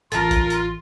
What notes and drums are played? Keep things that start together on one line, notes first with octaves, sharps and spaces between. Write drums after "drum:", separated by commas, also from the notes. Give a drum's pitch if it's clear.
A1 E3 F4 A4 A#4 A5 A6, drum: hi-hat
drum: kick, hi-hat
drum: hi-hat